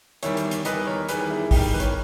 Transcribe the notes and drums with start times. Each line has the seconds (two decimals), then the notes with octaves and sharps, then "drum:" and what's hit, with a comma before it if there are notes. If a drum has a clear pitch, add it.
0.23 E2 D#3 G3 C#5 E5, drum: hi-hat
0.37 drum: hi-hat
0.51 drum: hi-hat
0.65 E2 D#3 G3 B4 D#5, drum: hi-hat
0.87 A#4 C#5
1.09 E2 D#3 G3 G#4 B4, drum: hi-hat
1.30 E4 G#4
1.51 E2 D#3 G3 D#4 G4, drum: kick, open hi-hat
1.74 B4
1.80 A#4 C#5, drum: hi-hat